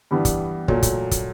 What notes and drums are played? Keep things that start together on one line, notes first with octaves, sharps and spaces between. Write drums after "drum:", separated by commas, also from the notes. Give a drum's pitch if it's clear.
G2 E3 G3 B3
drum: kick, hi-hat
A#2 F#3 A3, drum: kick
drum: kick, hi-hat
drum: kick, hi-hat